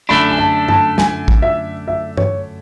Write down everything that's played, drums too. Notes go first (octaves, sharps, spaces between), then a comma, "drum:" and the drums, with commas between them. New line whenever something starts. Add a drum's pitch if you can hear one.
F#2 D3 A3 D4 B5
G#5
A5
A5, drum: tom G2
G#5, drum: snare
drum: kick
E5
E5
C#5, drum: tom G2